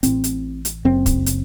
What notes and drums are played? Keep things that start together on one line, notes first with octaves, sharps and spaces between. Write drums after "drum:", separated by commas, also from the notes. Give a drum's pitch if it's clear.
A1 A2 C4, drum: hi-hat
drum: hi-hat
drum: hi-hat
F#1 F#2 C#3 C4
drum: kick, hi-hat
drum: hi-hat